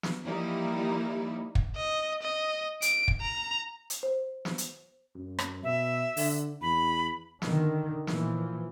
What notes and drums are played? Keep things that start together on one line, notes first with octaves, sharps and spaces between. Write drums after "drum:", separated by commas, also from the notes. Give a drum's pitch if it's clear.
drum: snare
E3 F3 G3 A#3 D#4 E4
drum: kick
D#5
D#5
D7, drum: hi-hat
drum: kick
A#5
drum: hi-hat
C5
drum: snare
drum: hi-hat
F#2
drum: rim click
B2 E5
D3, drum: open hi-hat
E2 B5
D3 D#3, drum: snare
A#2 E3 F3, drum: snare